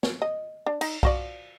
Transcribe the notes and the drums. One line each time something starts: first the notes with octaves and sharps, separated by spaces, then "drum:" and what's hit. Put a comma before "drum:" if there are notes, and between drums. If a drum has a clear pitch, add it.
C#5, drum: snare
D#5
D4
D#4, drum: cymbal
F3 F#4 D5, drum: kick B1